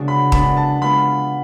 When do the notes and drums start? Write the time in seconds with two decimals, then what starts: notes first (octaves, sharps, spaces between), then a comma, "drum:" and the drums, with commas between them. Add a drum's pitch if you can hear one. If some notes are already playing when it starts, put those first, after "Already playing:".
Already playing: C#3 G#3 B3 D4 F#4
0.08 B5
0.32 G#3 B3 D4 B5, drum: kick
0.57 A5
0.82 G#3 B3 F4 B5